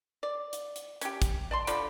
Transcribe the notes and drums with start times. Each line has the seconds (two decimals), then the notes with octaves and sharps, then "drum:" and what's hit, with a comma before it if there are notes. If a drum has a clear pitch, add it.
0.23 D5
0.53 drum: hi-hat
0.76 drum: hi-hat
1.01 C#4 G4, drum: hi-hat
1.22 drum: kick, hi-hat
1.51 D5 A5 C6
1.67 D3 F3 D5 B5, drum: hi-hat